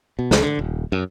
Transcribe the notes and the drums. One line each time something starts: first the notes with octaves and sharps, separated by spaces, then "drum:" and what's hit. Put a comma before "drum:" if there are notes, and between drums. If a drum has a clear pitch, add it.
B2
C#2, drum: snare
D3
D#1
F#2